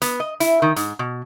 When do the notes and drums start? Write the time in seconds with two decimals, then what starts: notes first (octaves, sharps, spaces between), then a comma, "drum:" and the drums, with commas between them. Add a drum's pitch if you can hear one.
0.02 B3, drum: hi-hat
0.20 D#5
0.40 E4, drum: hi-hat
0.62 D#3
0.76 G#2, drum: hi-hat
0.99 B2